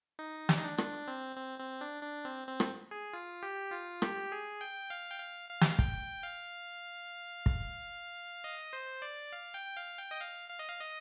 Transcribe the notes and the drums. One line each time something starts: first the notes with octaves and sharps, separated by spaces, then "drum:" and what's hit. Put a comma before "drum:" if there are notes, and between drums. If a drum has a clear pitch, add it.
D#4
D4, drum: snare
D#4
D4
D4, drum: rim click
C4
C4
C4
D4
D4
C4
C4
drum: rim click
G#4
F4
G4
F4
G4, drum: rim click
G#4
G5
F5
G5
F5
F5
drum: snare
G5, drum: kick
F5
drum: kick
D#5
C5
D5
F5
G5
F5
G5
D#5
F5
F5
D#5
F5
D#5